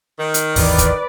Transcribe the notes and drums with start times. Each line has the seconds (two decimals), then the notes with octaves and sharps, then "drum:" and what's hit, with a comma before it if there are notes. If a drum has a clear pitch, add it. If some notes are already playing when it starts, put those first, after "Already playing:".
0.19 D#3
0.34 drum: hi-hat
0.56 G#1 D#2 E3 B4 D5, drum: open hi-hat
0.78 drum: kick, hi-hat